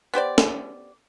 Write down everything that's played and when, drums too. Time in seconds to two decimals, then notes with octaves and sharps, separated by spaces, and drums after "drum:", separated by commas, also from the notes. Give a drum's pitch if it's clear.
0.14 B3 G4 C5 D5
0.38 drum: snare